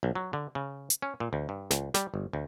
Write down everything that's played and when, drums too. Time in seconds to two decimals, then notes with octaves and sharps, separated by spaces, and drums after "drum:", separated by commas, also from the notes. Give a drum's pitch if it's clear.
0.03 B1
0.15 F#3
0.33 D3
0.55 C#3
0.90 drum: hi-hat
1.02 C#4
1.20 A#2
1.33 D2
1.49 G2
1.71 C#2, drum: snare
1.94 G3, drum: snare
2.14 G1
2.33 D2